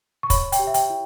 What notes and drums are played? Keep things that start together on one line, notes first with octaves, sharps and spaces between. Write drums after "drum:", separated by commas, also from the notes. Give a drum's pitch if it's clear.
C#6
C#5 B5, drum: kick, hi-hat
G5, drum: hi-hat
G4
E5
G5, drum: hi-hat
E4